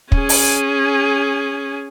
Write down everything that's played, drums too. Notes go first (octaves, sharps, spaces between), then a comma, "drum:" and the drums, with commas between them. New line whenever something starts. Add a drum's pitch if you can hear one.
C#4 G#4, drum: kick
drum: open hi-hat